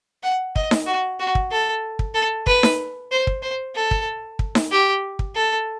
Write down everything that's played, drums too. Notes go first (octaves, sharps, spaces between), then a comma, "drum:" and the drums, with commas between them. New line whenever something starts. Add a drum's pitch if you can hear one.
F#5
D#5, drum: kick
drum: snare D#4
F#4
F#4
drum: kick
A4
drum: kick
A4
B4, drum: kick
drum: snare D#4
C5
drum: kick
C5
A4
drum: kick
drum: kick
drum: snare D#4
G4
drum: kick
A4